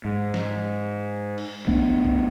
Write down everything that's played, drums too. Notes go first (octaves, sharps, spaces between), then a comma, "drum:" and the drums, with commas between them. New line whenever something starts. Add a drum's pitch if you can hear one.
G#2
drum: snare
drum: cymbal
A3 B3 D4, drum: kick
drum: kick